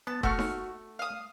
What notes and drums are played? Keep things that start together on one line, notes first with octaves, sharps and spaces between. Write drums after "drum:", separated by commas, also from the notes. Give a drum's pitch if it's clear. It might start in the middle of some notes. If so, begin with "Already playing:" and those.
B3 A5
A3 F#4 C#6 F6, drum: kick F1
drum: snare D#4
F5 D#6